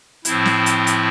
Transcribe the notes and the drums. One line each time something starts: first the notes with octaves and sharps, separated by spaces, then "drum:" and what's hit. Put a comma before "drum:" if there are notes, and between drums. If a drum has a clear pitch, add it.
A2 F3 C4 E4, drum: hi-hat
drum: snare
drum: hi-hat
drum: hi-hat